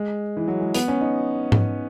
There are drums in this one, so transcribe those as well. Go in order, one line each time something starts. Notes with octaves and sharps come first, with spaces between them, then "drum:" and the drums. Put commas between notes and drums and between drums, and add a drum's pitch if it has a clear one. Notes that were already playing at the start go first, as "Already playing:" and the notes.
Already playing: G#3
E3
F#3
G#3
B3, drum: hi-hat
C#4
D#4
drum: tom G#2